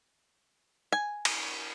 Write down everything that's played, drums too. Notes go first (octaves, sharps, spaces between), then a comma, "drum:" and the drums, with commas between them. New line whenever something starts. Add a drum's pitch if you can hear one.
G#5
drum: cymbal